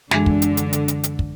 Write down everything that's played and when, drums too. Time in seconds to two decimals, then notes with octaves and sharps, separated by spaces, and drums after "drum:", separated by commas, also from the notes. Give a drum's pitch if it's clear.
0.11 F#2 D3 E3 G#3 D4 G#4, drum: snare
0.26 drum: kick
0.42 drum: hi-hat
0.57 drum: hi-hat
0.73 drum: hi-hat
0.88 drum: hi-hat
1.04 drum: hi-hat
1.19 drum: kick